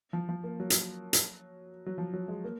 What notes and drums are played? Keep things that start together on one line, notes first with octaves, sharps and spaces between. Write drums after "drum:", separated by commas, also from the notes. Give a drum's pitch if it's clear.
F3
F3
A#3
F#3
drum: hi-hat
drum: hi-hat
F#3
F3
F#3
G#3
A#3